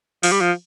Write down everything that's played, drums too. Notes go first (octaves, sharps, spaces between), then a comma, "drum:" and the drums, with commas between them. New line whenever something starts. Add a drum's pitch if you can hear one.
F3, drum: open hi-hat
G3
F3